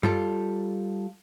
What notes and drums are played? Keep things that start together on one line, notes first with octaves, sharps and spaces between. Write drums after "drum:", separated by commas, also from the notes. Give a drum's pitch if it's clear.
G3 F4 A4, drum: tom F#2